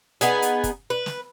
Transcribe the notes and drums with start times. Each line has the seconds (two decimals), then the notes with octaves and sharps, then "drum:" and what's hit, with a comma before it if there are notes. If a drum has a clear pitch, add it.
0.21 B3 D#4 G#4, drum: hi-hat
0.42 drum: hi-hat
0.64 drum: kick, hi-hat
0.90 B4
1.06 drum: snare